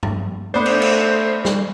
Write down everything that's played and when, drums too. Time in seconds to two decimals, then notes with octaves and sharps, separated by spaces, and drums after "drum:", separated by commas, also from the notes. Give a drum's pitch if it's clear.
0.03 drum: tom G2
0.54 A3 B3 D4 C5
0.66 drum: cymbal
0.82 drum: cymbal
1.45 drum: snare